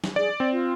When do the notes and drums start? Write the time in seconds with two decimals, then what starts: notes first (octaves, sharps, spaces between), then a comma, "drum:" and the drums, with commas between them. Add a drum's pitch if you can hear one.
0.04 drum: snare
0.16 G#4 D5
0.40 C4
0.52 F4